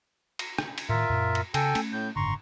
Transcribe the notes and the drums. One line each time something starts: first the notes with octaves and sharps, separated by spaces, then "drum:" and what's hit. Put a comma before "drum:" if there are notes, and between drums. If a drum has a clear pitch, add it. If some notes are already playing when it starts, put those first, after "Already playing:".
drum: cymbal
drum: rim click
drum: cymbal
A2 D#3 F4 A#4 E5
F#2 A#2
drum: cymbal
C#3 A4 G5 G#5, drum: cymbal
A3 C#4, drum: cymbal
A2 G6
F#1 G#2 D3 A#5 C6 C#6